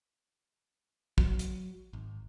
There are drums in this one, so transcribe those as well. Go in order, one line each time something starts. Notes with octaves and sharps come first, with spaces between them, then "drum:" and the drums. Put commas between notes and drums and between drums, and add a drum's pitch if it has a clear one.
F#3, drum: kick
drum: hi-hat
G#1